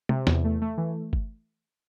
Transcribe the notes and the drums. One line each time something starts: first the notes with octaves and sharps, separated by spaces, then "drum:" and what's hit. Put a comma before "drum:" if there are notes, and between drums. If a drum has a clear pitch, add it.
C3, drum: tom
E2, drum: snare
A3
A3
E3
drum: kick G1